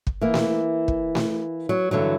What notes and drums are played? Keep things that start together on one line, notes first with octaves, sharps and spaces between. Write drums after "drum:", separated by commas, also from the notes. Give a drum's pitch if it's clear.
drum: kick
E3 A#3
drum: snare A3
drum: kick
drum: snare A3
F#3
G2 D3 E3 F#3